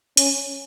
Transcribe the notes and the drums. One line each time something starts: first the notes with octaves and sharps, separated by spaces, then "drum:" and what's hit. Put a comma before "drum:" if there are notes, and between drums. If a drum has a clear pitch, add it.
C#4, drum: hi-hat